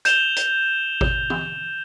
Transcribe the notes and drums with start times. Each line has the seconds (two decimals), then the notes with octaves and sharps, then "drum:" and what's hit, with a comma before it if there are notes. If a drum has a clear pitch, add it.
0.05 G6 E7 F7 G7, drum: hi-hat
0.36 drum: hi-hat
1.01 drum: kick G#1
1.30 drum: tom